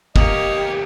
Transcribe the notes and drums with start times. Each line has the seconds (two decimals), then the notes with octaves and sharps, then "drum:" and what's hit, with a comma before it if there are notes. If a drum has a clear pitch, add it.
0.16 D2 A#3 G4 C#5 D#5, drum: kick